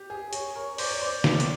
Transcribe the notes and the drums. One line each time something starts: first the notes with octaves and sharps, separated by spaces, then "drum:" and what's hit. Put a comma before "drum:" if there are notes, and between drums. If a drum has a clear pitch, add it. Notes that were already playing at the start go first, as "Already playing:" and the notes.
Already playing: G4
G#4
G#4 C#5, drum: hi-hat
A#4
C5 D5, drum: open hi-hat
C#5
C5
D5, drum: snare
drum: hi-hat